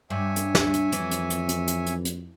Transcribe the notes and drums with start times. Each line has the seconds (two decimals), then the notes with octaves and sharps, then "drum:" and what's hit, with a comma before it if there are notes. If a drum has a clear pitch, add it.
0.10 G2 C#5 E5 G#5
0.36 drum: hi-hat
0.55 drum: snare
0.73 drum: hi-hat
0.92 F2 E3, drum: hi-hat
1.11 drum: hi-hat
1.30 drum: hi-hat
1.49 drum: hi-hat
1.67 drum: hi-hat
1.86 drum: hi-hat
2.05 drum: hi-hat